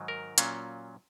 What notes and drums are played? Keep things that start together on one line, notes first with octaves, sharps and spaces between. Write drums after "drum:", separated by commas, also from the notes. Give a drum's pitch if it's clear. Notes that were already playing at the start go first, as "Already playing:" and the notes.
Already playing: G#2 D#3 F#3
A#4
A#2 F#3 C#4 F4, drum: hi-hat